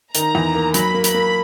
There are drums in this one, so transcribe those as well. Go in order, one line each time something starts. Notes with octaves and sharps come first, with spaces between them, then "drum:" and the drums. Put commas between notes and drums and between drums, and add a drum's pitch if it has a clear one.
D#3 A#5, drum: hi-hat
E2
A#3
F#3 B5, drum: hi-hat
A#3
B5, drum: hi-hat
A#3